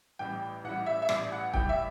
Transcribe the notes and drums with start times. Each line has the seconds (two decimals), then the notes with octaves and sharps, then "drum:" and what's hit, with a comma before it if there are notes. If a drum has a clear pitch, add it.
0.19 A1 A2 G3 G5
0.64 A1 A2 G3 F#5
0.86 E5
1.02 E5
1.09 A1 A2 G3 D5, drum: rim click
1.32 F#5
1.54 A1 A2 G3 G5, drum: kick
1.69 E5